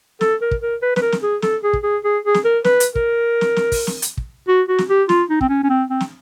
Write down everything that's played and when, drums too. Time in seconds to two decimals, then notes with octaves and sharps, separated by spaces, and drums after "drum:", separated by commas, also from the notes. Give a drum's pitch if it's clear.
0.21 A4, drum: snare
0.41 A#4
0.51 drum: kick
0.61 A#4
0.82 B4
0.96 B4, drum: snare
1.02 A#4
1.12 drum: snare
1.23 G#4
1.42 A4, drum: snare
1.63 G#4
1.73 drum: kick
1.83 G#4
2.04 G#4
2.25 G#4
2.34 drum: snare
2.45 A#4
2.64 B4, drum: snare
2.80 drum: hi-hat
2.95 A#4, drum: kick
3.41 drum: snare
3.56 drum: snare
3.72 drum: kick, open hi-hat
3.87 drum: snare
4.02 drum: hi-hat
4.17 drum: kick
4.48 F#4
4.68 F#4
4.78 drum: snare
4.89 G4
5.09 F4, drum: snare
5.30 D#4
5.41 C4, drum: kick
5.49 C#4
5.64 C#4
5.70 C4
5.90 C4
6.00 drum: snare